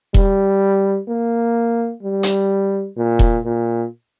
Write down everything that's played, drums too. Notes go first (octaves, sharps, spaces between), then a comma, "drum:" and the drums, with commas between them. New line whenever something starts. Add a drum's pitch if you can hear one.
G3, drum: kick E1
A#3
G3
drum: hi-hat
A#2
drum: kick E1
A#2